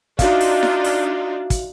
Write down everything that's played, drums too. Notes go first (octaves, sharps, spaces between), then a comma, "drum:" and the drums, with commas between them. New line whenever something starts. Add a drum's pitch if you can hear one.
D4 D#4 F4 F#4 E5 F5, drum: kick, hi-hat
drum: open hi-hat
drum: snare E4
drum: open hi-hat
drum: kick, hi-hat